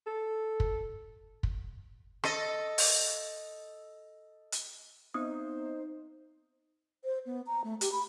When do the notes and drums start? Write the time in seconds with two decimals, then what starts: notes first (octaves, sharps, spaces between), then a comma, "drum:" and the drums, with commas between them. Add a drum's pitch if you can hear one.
0.07 A4
0.60 drum: kick
1.43 drum: kick
2.24 A4 D#5, drum: rim click
2.78 drum: open hi-hat
4.52 drum: hi-hat
5.14 B3 C4 D#4 C5 D#6
7.04 C5
7.26 B3
7.47 A#5
7.64 A3
7.81 G4, drum: hi-hat
7.92 B5